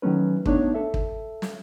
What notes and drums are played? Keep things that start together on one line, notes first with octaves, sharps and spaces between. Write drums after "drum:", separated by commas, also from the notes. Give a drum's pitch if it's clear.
D#3 F#3 A3 C#4 B4
A3 B3 D4 D#4 C#5, drum: kick
A4 E5
drum: kick
drum: snare